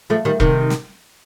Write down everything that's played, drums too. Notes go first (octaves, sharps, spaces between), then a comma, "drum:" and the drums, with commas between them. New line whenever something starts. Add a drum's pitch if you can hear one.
F3 A3
D#3 G3
C3 D#3, drum: kick E1
drum: snare